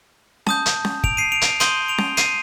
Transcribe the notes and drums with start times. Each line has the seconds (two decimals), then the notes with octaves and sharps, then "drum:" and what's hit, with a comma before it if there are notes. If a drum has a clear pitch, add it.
0.47 A5 D#6 G6, drum: snare C#4
0.66 drum: hi-hat
0.85 drum: snare C#4
1.04 D7 F7, drum: kick G1
1.17 C7 D#7
1.32 D7 F7
1.41 drum: hi-hat
1.60 C6 D#6 G6 D#7 G7, drum: hi-hat
1.88 D7 F7
1.98 drum: snare C#4
2.17 C7 D#7, drum: hi-hat